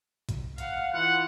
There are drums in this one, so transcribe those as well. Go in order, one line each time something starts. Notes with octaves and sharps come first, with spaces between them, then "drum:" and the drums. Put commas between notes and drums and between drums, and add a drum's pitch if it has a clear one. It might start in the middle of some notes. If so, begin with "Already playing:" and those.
drum: kick A1, hi-hat
F5 F#5, drum: hi-hat
E3 F4 F#5